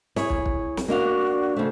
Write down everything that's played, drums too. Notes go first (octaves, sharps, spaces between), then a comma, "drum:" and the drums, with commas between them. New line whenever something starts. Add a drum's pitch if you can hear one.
E4 G#4 C#5, drum: snare
drum: kick
drum: kick
drum: snare
A#3 D4 F#4 F5
C#3 A3 C5